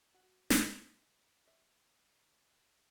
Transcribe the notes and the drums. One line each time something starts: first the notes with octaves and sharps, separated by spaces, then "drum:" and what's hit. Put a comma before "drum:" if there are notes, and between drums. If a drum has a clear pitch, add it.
F#4
drum: snare
G#3
E5